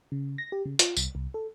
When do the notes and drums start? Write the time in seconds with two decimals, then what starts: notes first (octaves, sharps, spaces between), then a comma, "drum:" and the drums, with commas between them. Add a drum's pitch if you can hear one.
0.12 C#3
0.38 A#6
0.52 G4
0.65 C#3
0.79 F4, drum: hi-hat
0.97 C2, drum: tambourine
1.15 C2
1.34 A4